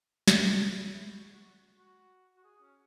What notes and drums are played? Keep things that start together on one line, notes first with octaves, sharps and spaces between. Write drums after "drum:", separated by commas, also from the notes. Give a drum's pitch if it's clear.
drum: snare
D#4
E4
E4
F#4
F#4
F#4
F#4
G#4
C#4